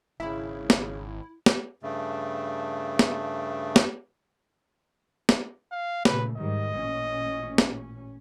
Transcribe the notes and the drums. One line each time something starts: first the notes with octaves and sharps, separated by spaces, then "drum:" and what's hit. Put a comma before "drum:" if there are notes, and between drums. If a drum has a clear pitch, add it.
G#1 C#3 E4 E5 B5
drum: snare
drum: snare
G2 C#3 A3
drum: snare
drum: snare
drum: snare
F5
A#2 C#3 A3 B4, drum: snare
G#2 D#3 G3 D#5
A1 A#2 C#4
drum: snare